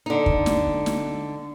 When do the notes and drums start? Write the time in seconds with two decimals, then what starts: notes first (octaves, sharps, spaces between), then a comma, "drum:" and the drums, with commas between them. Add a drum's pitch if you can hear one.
0.06 D3 D#4
0.26 drum: kick
0.46 drum: snare
0.86 drum: snare